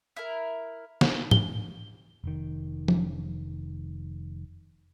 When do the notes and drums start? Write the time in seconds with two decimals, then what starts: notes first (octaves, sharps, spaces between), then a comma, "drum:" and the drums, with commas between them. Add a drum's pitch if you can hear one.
0.16 E4 A#4
1.01 drum: snare
1.31 G7, drum: tom G#2
2.24 F1 D#3
2.88 drum: tom F3